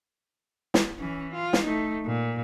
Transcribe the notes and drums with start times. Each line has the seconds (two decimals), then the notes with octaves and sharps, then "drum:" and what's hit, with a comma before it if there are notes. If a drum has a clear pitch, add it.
0.74 drum: snare
0.99 E3 C#4
1.33 F4
1.53 drum: snare
1.64 A3 D#4
2.05 A#2